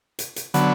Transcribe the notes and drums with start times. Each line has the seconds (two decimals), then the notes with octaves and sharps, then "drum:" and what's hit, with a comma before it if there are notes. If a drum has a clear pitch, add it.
0.19 drum: hi-hat
0.36 drum: hi-hat
0.54 D3 F#3 B3, drum: hi-hat